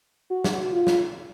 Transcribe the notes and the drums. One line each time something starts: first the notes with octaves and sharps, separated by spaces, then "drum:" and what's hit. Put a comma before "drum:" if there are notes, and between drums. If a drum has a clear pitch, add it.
F#4
drum: snare
F4
drum: snare